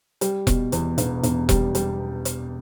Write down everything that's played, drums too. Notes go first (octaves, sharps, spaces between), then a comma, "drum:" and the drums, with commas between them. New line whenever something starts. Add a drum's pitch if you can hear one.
G3, drum: hi-hat
B2, drum: kick E1, hi-hat
E2, drum: hi-hat
E1, drum: hi-hat
E1, drum: hi-hat
G3, drum: kick E1, hi-hat
G3, drum: hi-hat
drum: hi-hat